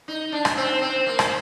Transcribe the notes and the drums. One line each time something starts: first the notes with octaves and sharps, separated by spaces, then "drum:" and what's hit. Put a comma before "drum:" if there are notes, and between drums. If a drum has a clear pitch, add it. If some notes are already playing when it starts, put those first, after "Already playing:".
D#4
D4
drum: rim click
C4
C4
A#3
drum: rim click